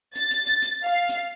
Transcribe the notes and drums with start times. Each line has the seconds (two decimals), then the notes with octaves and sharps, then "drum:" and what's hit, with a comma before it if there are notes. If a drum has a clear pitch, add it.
0.15 A6, drum: hi-hat
0.31 drum: hi-hat
0.47 drum: hi-hat
0.62 drum: hi-hat
0.85 F5
1.09 drum: hi-hat